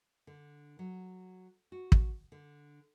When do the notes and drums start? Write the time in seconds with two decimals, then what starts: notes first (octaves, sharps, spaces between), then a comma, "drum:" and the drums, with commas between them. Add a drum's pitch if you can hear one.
0.27 D3
0.79 F#3
1.72 F#4
1.92 drum: kick
2.32 D3